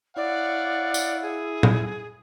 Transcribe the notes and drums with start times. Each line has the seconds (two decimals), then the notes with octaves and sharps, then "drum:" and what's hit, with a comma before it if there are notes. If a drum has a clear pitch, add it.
0.17 E4 C#5 D5 F5 F#5
0.94 drum: tambourine
1.22 G#4
1.63 drum: tom